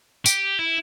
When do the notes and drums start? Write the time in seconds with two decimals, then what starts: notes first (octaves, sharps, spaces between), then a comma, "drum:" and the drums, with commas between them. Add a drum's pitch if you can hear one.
0.26 G4, drum: tambourine
0.59 E4